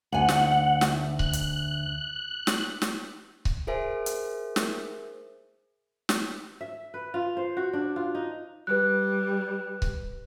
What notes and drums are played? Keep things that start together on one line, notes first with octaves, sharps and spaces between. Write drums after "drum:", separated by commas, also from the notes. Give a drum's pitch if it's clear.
D2 F#5 G#5
drum: snare
drum: snare
F#6, drum: kick C#1
drum: hi-hat
drum: snare
drum: snare
drum: kick C#1
G#4 A#4 C5 E5 G#5
drum: hi-hat
drum: snare
drum: snare
E5
B4
F4
C5
F#4
D4
F4
D#4
G3 B4 F#6
drum: kick C#1